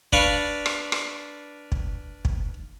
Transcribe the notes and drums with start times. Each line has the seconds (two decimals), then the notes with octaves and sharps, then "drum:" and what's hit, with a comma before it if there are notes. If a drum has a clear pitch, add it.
0.13 D4 B4 D5 F5 C#6, drum: kick
0.66 drum: rim click
0.92 drum: rim click
1.72 drum: kick
2.25 drum: kick